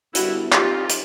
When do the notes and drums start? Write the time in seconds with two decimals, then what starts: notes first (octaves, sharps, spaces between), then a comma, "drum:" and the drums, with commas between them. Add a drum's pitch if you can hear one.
0.15 D3 G3 B3 E4 F#4, drum: hi-hat
0.52 G3 C4 D#4 F4 G4, drum: clap
0.90 drum: hi-hat